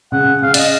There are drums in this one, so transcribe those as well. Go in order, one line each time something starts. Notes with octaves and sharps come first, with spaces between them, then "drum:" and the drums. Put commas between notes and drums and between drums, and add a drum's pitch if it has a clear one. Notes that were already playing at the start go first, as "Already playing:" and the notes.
C#3 F#5
C#3 F5
D5, drum: cymbal
D#5